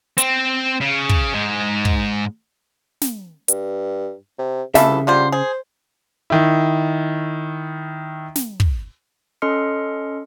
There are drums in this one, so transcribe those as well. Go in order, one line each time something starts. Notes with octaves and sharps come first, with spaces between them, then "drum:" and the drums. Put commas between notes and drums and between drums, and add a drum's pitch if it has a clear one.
C4, drum: hi-hat
C#3
drum: kick
G#2 G#3
drum: kick
drum: snare
G2, drum: hi-hat
C3
C2 C#3 E3 F3 A4 E5, drum: snare
D3 G3 F4 C5
G#4 C5
D#3 E4
drum: snare
drum: kick
C#4 A4 D#5 C6 F6 C#7